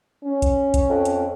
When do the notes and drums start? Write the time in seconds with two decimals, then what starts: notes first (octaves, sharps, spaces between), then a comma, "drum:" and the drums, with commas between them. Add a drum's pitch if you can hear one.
0.25 C#4
0.42 drum: kick B1, hi-hat
0.74 drum: kick B1, hi-hat
0.90 F2
1.05 drum: hi-hat